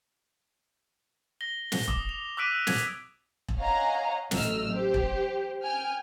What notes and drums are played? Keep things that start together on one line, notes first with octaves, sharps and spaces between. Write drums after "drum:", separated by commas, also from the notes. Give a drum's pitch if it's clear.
A#6 G7
drum: snare
D6 D#6, drum: kick E1
F7
D6 E6 F#6 B6 D7 D#7
G#6 F7, drum: snare
drum: kick E1
C#5 D#5 F5 F#5 G#5 A#5
A1 F#3 A3 D#5 E6 F6, drum: snare
G4 C5
drum: kick E1
G5 G#5 F6